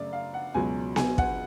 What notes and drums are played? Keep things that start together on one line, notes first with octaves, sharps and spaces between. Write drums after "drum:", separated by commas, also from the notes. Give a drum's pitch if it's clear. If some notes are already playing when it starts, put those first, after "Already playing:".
Already playing: F#2 C#3 A3 D5
F5
F#5
C#2 B2 F#3 G#5
G#5, drum: snare B3
F#5, drum: kick